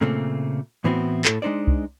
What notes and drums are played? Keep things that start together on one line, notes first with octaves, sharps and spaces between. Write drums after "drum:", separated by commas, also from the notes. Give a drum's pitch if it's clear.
A#2 C#3 A3 A#3 C4
A2 E3 B3 C4 E4 F#4
A2 A4, drum: clap
G#3 D4 D#4 C5 D5
drum: kick C2